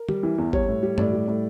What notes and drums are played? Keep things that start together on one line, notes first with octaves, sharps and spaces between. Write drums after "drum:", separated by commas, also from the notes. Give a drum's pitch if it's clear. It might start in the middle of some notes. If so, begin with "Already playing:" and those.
Already playing: A#4
G3, drum: tom
E3
E2
G3 C#5, drum: kick G#1
A2
G3
A2 D5, drum: tom G2
G3
A2